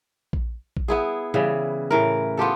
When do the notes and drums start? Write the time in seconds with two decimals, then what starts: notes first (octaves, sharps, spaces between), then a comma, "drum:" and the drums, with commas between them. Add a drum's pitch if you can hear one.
0.33 drum: kick A#1
0.77 drum: kick A#1
0.88 B3 E4 G#4
1.34 C#3 E3 G3
1.91 A2 E3 A#4
2.37 B3 F4 G4 A4